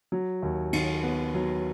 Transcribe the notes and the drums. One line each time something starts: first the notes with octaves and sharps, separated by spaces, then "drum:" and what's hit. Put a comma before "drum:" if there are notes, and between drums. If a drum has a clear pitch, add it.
F#3
D#2
D#3, drum: cymbal
B3
F#3